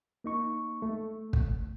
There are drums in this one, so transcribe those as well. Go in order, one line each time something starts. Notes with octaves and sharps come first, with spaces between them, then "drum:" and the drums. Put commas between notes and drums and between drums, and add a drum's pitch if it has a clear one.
A#3 D#4 C#6
A3
drum: kick